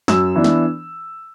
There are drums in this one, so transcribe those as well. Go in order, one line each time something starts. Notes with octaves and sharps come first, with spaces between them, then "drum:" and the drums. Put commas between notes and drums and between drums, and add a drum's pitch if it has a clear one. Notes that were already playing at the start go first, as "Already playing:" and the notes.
F#2 E6, drum: snare
E3 B3 D4
drum: snare